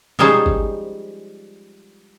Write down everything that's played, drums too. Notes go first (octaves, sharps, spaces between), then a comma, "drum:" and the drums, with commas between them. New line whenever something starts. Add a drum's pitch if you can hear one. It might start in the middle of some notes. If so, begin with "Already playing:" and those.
F3 G3 G#3 C#4 D#4 C5, drum: tom
drum: kick G1